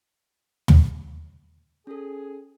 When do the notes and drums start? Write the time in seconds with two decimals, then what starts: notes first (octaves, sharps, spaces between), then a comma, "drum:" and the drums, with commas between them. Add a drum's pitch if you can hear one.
0.68 drum: tom
1.87 C#4 G#4 A4